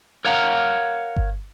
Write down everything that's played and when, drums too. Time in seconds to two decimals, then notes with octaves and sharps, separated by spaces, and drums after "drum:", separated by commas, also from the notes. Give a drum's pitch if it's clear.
0.25 A#4 C#5 F5 F#5 A#5
1.16 drum: kick G1